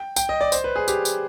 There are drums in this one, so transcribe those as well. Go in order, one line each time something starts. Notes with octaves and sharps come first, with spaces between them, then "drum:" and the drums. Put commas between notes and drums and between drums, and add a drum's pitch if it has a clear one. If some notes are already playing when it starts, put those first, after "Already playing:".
Already playing: G5
G5, drum: tambourine
D#5
D5
C5, drum: tambourine
B4
G#4
G4, drum: tambourine
drum: tambourine